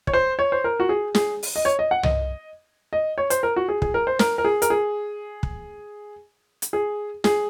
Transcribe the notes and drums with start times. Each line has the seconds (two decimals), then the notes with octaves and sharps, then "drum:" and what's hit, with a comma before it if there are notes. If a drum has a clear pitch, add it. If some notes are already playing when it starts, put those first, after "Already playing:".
0.07 C#5, drum: kick
0.13 C5
0.39 C#5
0.52 C5
0.64 A#4
0.80 F#4
0.89 G#4
1.15 G#4, drum: snare
1.43 drum: open hi-hat
1.56 D#5
1.65 C#5
1.79 D#5
1.91 F#5
2.03 D#5, drum: tom C2
2.93 D#5
3.18 C#5
3.30 C5, drum: hi-hat
3.43 A#4
3.56 F#4
3.69 G#4
3.82 G#4, drum: kick
3.94 A#4
4.07 C5
4.19 A#4, drum: snare
4.38 A#4
4.45 G#4
4.62 A#4, drum: hi-hat
4.70 G#4
5.43 drum: kick
6.62 drum: hi-hat
6.73 G#4
7.24 G#4, drum: snare